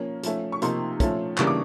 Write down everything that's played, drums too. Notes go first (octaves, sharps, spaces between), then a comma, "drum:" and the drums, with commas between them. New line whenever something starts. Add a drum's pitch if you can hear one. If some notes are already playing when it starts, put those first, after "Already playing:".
Already playing: F3 A#3 C#4
F3 A3 C#4, drum: hi-hat
C#6
C3 F3 A#3 D#4 C6, drum: hi-hat
F3 A3 C#4, drum: kick, hi-hat
C#3 E3 G3 A#3 D4 C#6, drum: clap
D6